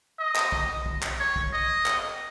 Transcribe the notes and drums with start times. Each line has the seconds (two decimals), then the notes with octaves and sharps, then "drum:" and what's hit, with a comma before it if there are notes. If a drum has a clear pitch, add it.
0.19 D#5
0.36 drum: clap
0.52 drum: kick
0.86 drum: kick
1.02 drum: clap
1.19 C#5
1.36 drum: kick
1.53 D#5
1.86 drum: clap